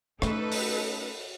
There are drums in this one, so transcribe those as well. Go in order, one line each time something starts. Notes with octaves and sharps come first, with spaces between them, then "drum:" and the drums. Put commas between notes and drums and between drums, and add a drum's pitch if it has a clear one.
A3 C#4 D#4 A4 B4, drum: rim click
drum: open hi-hat